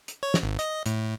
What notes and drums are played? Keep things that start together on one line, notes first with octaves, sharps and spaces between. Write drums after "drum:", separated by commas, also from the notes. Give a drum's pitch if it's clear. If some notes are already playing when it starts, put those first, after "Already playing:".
drum: hi-hat
C#5
drum: snare
G#1
D#5, drum: hi-hat
A2, drum: hi-hat